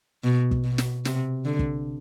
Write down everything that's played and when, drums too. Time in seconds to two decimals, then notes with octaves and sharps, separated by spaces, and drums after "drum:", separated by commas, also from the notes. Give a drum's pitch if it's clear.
0.24 B2
0.51 drum: kick
0.64 B2
0.78 drum: snare
1.05 C3, drum: snare
1.45 D3
1.59 drum: kick